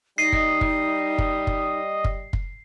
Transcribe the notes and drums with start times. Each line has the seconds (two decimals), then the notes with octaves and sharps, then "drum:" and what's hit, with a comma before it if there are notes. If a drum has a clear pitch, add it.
0.18 G3 D#4 D#5 C7
0.32 drum: kick
0.61 drum: kick
1.18 drum: kick
1.47 drum: kick
2.04 drum: kick
2.33 drum: kick